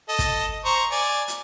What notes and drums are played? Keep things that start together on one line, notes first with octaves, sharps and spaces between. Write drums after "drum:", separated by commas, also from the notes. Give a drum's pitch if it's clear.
A4 D#5
drum: kick, hi-hat
C5 A#5 C#6
D5 G#5, drum: open hi-hat
drum: hi-hat